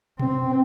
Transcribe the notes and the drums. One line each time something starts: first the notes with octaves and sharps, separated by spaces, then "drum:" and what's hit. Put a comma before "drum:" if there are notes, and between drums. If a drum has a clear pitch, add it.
C4, drum: tom B2